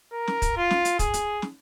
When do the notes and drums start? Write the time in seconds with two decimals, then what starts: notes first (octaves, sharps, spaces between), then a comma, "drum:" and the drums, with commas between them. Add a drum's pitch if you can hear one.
0.13 A#4
0.28 drum: snare
0.42 drum: kick, hi-hat
0.57 F4
0.71 drum: snare
0.85 drum: hi-hat
0.99 G#4, drum: kick, hi-hat
1.14 drum: hi-hat
1.42 drum: snare